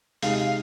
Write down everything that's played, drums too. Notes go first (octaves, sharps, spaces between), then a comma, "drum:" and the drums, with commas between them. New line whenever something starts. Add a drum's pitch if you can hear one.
C3 G#3 D#4 F5, drum: open hi-hat
F5